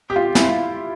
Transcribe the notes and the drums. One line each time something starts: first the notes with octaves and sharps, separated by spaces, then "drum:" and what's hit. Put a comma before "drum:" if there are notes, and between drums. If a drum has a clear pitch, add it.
G4
F4
E4, drum: snare